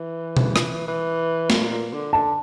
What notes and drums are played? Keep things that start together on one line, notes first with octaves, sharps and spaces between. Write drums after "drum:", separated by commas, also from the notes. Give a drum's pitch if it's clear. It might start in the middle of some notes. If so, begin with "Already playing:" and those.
Already playing: E3
drum: tom B2
drum: rim click
E3
A#2, drum: snare
A#2
D3
D3 A5